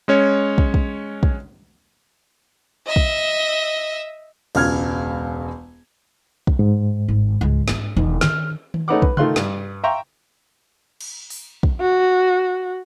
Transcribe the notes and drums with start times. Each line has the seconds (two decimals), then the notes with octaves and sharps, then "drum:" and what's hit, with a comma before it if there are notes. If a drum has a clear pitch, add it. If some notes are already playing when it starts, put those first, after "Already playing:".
0.08 G#3 C#4 C#5
0.58 drum: kick
0.74 drum: kick
1.23 drum: kick
2.85 D#5 E5
2.96 drum: kick
4.55 E1 C#2 F6 G#6, drum: cymbal
6.47 drum: kick
6.59 G#2
7.08 G#1
7.41 C#2 G#3
7.68 B3 D4, drum: snare
7.97 E1 D#4, drum: tom D#3
8.21 D#3 D4 F6, drum: snare
8.74 drum: tom D#3
8.88 A3 C#4 D#4 B4 F#5 D6
9.02 B4, drum: kick
9.17 D#3 A3 F4 C6 F#6, drum: tom C3
9.36 G2, drum: snare
9.84 E5 F5 G5 A#5 C6 C#6
11.01 drum: cymbal
11.30 drum: open hi-hat
11.63 drum: kick
11.81 F#4